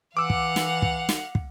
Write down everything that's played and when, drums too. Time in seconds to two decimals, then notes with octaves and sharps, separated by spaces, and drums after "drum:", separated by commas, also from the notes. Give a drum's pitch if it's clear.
0.17 E3 F5 F#5 D6 E6
0.30 drum: kick
0.56 drum: snare
0.82 drum: kick
1.09 drum: snare
1.35 drum: kick